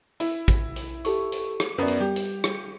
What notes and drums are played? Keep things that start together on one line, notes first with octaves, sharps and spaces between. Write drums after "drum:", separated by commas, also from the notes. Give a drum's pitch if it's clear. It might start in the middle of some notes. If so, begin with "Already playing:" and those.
E4, drum: hi-hat
drum: kick, hi-hat
drum: hi-hat
G4 A4 C#6, drum: hi-hat
drum: hi-hat
drum: rim click
F#2 B3 A#4 D5
drum: hi-hat
G3 G4
drum: hi-hat
drum: rim click